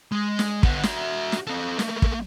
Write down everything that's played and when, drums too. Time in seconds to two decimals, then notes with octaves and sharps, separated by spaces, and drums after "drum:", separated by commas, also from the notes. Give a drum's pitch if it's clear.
0.12 G#3
0.39 drum: snare
0.63 D3 B3, drum: kick
0.83 F#4 E5, drum: snare
1.32 drum: snare
1.47 C4 A4
1.79 A3 A#3, drum: snare
2.02 drum: kick